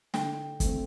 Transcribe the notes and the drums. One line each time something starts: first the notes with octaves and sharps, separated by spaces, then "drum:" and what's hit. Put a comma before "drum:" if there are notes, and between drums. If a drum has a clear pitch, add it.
D3 G5, drum: snare
A3 C4, drum: kick, hi-hat